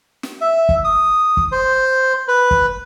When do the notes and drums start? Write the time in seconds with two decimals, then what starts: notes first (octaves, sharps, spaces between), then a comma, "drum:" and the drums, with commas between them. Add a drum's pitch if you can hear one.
0.23 drum: snare
0.41 E5
0.69 drum: kick
0.84 D#6
1.37 drum: kick
1.52 C5
2.28 B4
2.51 drum: kick